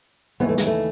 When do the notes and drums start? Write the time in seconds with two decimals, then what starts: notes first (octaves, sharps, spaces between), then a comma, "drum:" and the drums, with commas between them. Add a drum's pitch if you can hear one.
0.40 D#2 C#3 E3 B3
0.49 A3
0.58 G#3, drum: hi-hat
0.67 A3